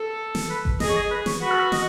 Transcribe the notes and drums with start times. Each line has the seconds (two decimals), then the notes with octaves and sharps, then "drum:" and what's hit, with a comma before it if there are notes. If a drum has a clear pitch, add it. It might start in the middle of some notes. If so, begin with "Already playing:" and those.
Already playing: A4
0.35 drum: snare
0.50 B4
0.65 drum: kick G1
0.80 G#4 D#5, drum: snare
0.89 C#5
0.96 D#5
1.11 B4
1.26 C#5, drum: snare
1.41 F#4 B4
1.51 A4
1.60 B4
1.72 D#5, drum: snare